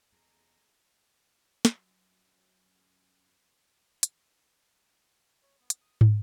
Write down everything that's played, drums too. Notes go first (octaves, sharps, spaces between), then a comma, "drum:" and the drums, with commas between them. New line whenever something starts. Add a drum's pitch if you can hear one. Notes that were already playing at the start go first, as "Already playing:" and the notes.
E2 G#3 A4 D#5 A#5
F#2 F#3, drum: snare
drum: hi-hat
C#5
B3
drum: hi-hat
D#6
G#5, drum: tom